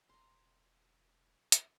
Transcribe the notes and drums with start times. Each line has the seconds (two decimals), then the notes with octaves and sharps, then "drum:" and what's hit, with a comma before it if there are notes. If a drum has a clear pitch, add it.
0.09 E1 A#5 C6
1.52 drum: hi-hat